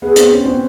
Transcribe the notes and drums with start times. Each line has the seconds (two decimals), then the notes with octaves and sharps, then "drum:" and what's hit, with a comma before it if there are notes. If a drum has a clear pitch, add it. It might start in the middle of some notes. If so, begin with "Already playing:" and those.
0.02 B3 G#4
0.16 C4, drum: hi-hat
0.31 C#4
0.45 C4